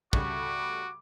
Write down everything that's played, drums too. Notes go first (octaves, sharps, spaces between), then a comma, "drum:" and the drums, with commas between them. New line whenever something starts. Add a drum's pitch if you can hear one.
C#3 G3 A3 F#4 D6, drum: kick